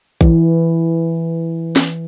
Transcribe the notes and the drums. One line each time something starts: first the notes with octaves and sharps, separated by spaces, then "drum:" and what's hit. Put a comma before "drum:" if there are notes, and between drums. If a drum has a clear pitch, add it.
E3, drum: kick A#1
drum: snare